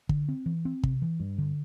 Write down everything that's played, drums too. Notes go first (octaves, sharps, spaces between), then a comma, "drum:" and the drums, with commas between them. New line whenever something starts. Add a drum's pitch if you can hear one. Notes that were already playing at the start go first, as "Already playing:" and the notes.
D3, drum: kick
C4
E3
C4
C3, drum: kick
E3
G2
D3